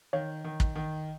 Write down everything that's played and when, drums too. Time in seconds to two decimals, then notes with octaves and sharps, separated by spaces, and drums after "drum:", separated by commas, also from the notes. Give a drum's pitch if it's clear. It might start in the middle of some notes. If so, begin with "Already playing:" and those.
0.13 D#3 C#5 F5
0.44 D#3
0.60 drum: kick
0.76 D#3